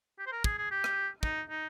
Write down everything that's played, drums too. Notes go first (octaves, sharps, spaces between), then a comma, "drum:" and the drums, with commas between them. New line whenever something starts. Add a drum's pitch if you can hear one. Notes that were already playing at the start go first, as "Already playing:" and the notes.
G4
C5
A#4
G#4, drum: kick
G#4
G4
drum: rim click
D#4, drum: kick
D#4